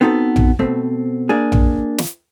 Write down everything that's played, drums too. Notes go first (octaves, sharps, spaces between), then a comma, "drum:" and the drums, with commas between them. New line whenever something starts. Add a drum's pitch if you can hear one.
B3 C4 D#4 F#4 A4
drum: tom A#1
B2 A3 C4
A#3 D4 G#4
drum: tom A#1
drum: snare